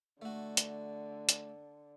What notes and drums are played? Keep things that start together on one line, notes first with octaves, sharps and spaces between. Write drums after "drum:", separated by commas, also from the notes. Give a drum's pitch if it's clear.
D3 A3 F#4
drum: hi-hat
drum: hi-hat